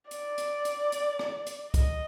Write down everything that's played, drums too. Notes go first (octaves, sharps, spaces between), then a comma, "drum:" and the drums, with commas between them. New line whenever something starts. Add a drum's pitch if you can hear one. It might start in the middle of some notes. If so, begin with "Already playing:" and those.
D5, drum: hi-hat
drum: hi-hat
drum: hi-hat
drum: hi-hat
drum: rim click
drum: hi-hat
D#5, drum: kick, hi-hat